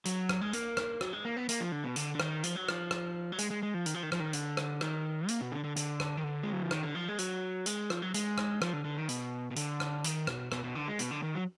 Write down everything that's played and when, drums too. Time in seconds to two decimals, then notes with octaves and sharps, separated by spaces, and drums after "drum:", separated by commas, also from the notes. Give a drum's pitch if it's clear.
0.05 F#3, drum: hi-hat
0.29 drum: rim click
0.41 G#3
0.53 A#3, drum: hi-hat
0.77 drum: rim click
1.01 F#3, drum: rim click
1.13 G#3
1.25 A#3
1.36 B3
1.49 A#3, drum: hi-hat
1.60 F3
1.72 D3
1.84 B2
1.96 D3, drum: hi-hat
2.15 D3
2.20 D#3, drum: rim click
2.44 F3, drum: hi-hat
2.56 F#3
2.69 F3, drum: rim click
2.91 drum: rim click
3.32 F#3
3.38 G#3, drum: hi-hat
3.50 G#3
3.63 G#3
3.74 F3
3.86 D#3, drum: hi-hat
3.94 F3
4.03 D#3
4.12 F3, drum: rim click
4.20 D#3
4.33 D3, drum: hi-hat
4.57 drum: rim click
4.81 D#3, drum: rim click
5.28 A#3, drum: hi-hat
5.41 B2
5.52 D3
5.64 D3
5.76 D3, drum: hi-hat
6.00 drum: rim click
6.17 D#3
6.24 D3
6.43 G#3
6.52 F#3
6.62 F3
6.71 D#3, drum: rim click
6.83 D3
6.95 F3
7.08 G#3
7.19 F#3, drum: hi-hat
7.66 G#3, drum: hi-hat
7.90 F3, drum: rim click
8.02 F#3
8.14 G#3, drum: hi-hat
8.38 drum: rim click
8.62 F3, drum: rim click
8.73 D3
8.85 D3
8.97 D#3
9.09 B2, drum: hi-hat
9.51 B2
9.56 D3, drum: hi-hat
9.80 drum: rim click
10.04 D#3, drum: hi-hat
10.27 B2, drum: rim click
10.52 B2, drum: rim click
10.64 B2
10.75 D3
10.88 G#3
10.99 B2, drum: hi-hat
11.11 D3
11.23 D#3
11.35 F#3